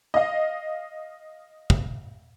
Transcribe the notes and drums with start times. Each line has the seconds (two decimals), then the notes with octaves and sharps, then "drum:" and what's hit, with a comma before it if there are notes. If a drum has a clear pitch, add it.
0.14 D#5 F5
1.70 drum: kick